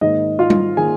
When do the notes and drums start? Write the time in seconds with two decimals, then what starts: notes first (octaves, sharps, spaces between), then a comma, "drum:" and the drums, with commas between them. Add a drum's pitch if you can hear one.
0.01 G#2 D#3 A#3 D#5
0.39 F4 F5
0.50 drum: tom G3
0.77 D#3 A#3 G#4 G#5